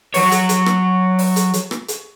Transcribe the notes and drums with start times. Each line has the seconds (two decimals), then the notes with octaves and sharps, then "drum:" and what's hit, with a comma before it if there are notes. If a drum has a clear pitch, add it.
0.14 F#3 C#5, drum: open hi-hat
0.31 drum: hi-hat
0.49 drum: hi-hat
0.66 drum: rim click
1.19 drum: open hi-hat
1.36 drum: hi-hat
1.53 drum: hi-hat
1.71 drum: rim click
1.88 drum: hi-hat